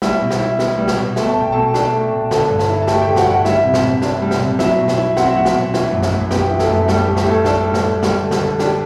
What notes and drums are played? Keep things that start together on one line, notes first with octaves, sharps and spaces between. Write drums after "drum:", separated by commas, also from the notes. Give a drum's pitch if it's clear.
G3 E4 E5, drum: snare
B2
drum: snare
E4
B3, drum: snare
G3
drum: snare
B2
A3, drum: snare
A5
B2 G5
B2 A4 A5
D4, drum: snare
A3
B2
D3, drum: snare
G2
drum: snare
E4
A5
A3 G4 G5, drum: snare
D3 G4 G5
F#4 F#5, drum: snare
G2 F#4 F#5
G3 E4 E5, drum: snare
C3
drum: snare
C3
D4, drum: snare
G3
drum: snare
C3
F#3 E4 E5, drum: snare
B2
drum: snare
E4
C4 F#5, drum: snare
E5
F#3 F#4 F#5
drum: snare
B2
E3, drum: snare
F#2
drum: snare
F#2
B3 G4 G5, drum: snare
E3
A4, drum: snare
F#2
G3 A4, drum: snare
A2 G4
G4, drum: snare
A2 A4
D4 A4, drum: snare
G3
drum: snare
A2
G3, drum: snare
D3
drum: snare
D3
D4 G4, drum: snare